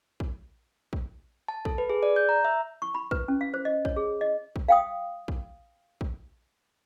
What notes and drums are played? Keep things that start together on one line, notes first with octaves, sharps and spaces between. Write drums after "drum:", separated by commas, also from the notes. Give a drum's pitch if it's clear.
drum: kick
drum: kick
A5
A4, drum: kick
B4
G#4
D5
G6
A#5
E5
C#6
B5
B4, drum: kick
C#4
F5
C5
D#5
C#5, drum: kick
G#4
D#5
drum: kick
F5 G5 D#6
drum: kick
drum: kick